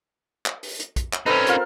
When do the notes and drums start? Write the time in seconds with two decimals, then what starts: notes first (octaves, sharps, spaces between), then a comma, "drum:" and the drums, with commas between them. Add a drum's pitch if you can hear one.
0.46 drum: clap
0.63 drum: open hi-hat
0.80 drum: hi-hat
0.96 drum: kick, hi-hat
1.13 drum: clap
1.26 C4 C#4 D#4 A4 B4
1.47 F4 A#4, drum: hi-hat